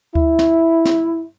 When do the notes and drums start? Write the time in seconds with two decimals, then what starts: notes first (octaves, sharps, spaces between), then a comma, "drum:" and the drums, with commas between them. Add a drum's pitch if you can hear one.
0.15 E4, drum: kick D2
0.39 drum: snare
0.85 drum: snare